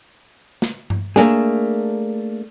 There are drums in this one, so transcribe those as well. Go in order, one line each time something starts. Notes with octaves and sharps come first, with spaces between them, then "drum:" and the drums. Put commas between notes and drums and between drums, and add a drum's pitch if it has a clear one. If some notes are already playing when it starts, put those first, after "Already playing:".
drum: snare
drum: tom G2
A3 A#3 D4 G#4, drum: snare